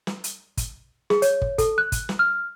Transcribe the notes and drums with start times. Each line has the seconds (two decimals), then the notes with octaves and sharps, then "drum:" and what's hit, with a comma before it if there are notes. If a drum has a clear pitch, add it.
0.07 drum: snare
0.24 drum: hi-hat
0.57 drum: kick, hi-hat
1.10 G#4, drum: snare
1.22 C#5, drum: hi-hat
1.42 drum: kick
1.58 A4, drum: kick, hi-hat
1.78 F#6
1.92 drum: kick, hi-hat
2.09 drum: snare
2.19 F6